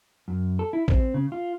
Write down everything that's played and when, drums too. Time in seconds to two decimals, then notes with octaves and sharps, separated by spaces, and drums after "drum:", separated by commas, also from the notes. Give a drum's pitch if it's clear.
0.28 F#2
0.59 A4
0.73 E4
0.88 C4, drum: kick
1.14 C#3
1.32 F4